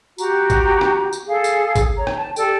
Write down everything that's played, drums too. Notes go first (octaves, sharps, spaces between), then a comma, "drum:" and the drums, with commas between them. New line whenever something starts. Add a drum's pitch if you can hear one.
F#4 G4 A#5, drum: tambourine
drum: kick G#1, tambourine
drum: rim click
drum: tambourine
G#4 A4 F5
drum: tambourine
drum: kick G#1, tambourine
C#5 A#5
drum: rim click
A5
G4 A4 D5 G5, drum: tambourine